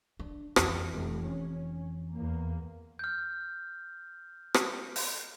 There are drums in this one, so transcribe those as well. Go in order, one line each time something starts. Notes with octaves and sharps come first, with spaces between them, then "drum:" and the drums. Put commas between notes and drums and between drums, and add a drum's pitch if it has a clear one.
D4
F2 E3, drum: rim click
F1 A3
C#4
E2 A#3
F6 G6
drum: rim click
drum: open hi-hat